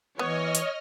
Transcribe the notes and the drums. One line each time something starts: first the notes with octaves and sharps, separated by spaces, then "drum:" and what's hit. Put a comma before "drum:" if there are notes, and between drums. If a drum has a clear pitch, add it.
E3 B3 C#5 D#5 F6
drum: hi-hat